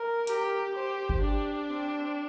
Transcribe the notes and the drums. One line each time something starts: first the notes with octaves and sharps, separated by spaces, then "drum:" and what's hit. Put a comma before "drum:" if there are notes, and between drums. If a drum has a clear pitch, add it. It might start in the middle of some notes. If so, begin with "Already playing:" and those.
Already playing: A#4
G4, drum: hi-hat
G4 C5
drum: kick G1
D4 G4
C4